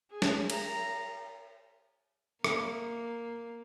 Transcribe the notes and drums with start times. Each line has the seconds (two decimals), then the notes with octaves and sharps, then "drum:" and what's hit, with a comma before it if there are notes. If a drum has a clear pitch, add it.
0.10 G#4
0.22 drum: snare
0.50 A#5, drum: cymbal
2.44 A#3, drum: rim click